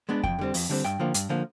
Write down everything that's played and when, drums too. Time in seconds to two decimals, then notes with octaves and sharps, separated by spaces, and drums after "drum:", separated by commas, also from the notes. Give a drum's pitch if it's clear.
0.09 G#3 B3 D4
0.24 F2 G5, drum: kick F2
0.39 D3 G3 C4
0.54 F2, drum: open hi-hat
0.69 D3 G3 C4
0.84 G2 G5, drum: rim click
0.99 D3 F3 A#3
1.14 G2, drum: hi-hat
1.29 D3 F3 A#3